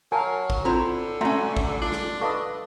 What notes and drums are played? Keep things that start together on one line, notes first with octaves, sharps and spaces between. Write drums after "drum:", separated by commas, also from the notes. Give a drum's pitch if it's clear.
F#3 A#4 F5 G#5 A5
drum: kick
D3 C4 E4 F4 C5 A#5
A3 C#4 F#4 E5 A#5 C6, drum: tom G#3
drum: kick
D4 F4
drum: snare
A4 B4 D#5 F5 C#6